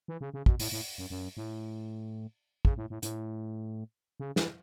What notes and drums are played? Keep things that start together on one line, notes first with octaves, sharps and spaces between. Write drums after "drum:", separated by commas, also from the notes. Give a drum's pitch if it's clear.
E3
C#3
C#3
B2, drum: kick
A2, drum: open hi-hat
A2
F#2
F#2
A2
C#3, drum: kick
A2
A2
A2, drum: hi-hat
C#3
E3, drum: snare